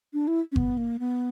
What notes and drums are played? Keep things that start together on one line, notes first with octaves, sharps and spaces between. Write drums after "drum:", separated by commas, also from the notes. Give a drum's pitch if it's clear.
D4
E4
C#4
B3, drum: kick G1
A#3
B3